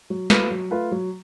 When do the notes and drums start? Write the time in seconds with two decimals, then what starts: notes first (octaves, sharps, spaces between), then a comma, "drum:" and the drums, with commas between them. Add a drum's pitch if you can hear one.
0.10 F#3
0.30 A3 F4 B4, drum: snare
0.51 F#3
0.71 A3 F4 B4
0.92 F#3